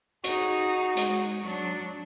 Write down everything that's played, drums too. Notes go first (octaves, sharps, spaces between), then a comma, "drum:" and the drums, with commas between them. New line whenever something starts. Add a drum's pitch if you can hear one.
D#4 F#4 G#4, drum: hi-hat
G#3, drum: hi-hat
F#3 D4